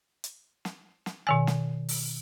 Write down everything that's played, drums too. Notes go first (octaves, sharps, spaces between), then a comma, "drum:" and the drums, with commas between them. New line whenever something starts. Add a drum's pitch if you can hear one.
drum: hi-hat
drum: snare
drum: snare
B2 D#3 G#5
drum: snare
drum: open hi-hat